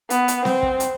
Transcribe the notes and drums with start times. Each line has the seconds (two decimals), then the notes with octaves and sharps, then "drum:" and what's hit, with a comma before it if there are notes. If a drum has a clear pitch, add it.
0.10 B3, drum: hi-hat
0.28 drum: hi-hat
0.45 C4, drum: snare C4
0.63 drum: kick
0.80 drum: hi-hat